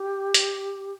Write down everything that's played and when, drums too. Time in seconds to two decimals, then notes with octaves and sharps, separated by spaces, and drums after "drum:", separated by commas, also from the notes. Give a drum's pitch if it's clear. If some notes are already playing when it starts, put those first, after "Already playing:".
Already playing: G4
0.34 drum: hi-hat